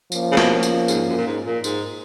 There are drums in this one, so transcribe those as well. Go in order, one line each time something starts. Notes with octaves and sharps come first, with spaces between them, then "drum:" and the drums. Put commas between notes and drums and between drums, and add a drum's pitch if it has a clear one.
F3 A#3 C#4, drum: tambourine
C#3
B2, drum: snare
drum: tambourine
G#2, drum: tambourine
F#2
A#2
G#2
A#2
G#2, drum: tambourine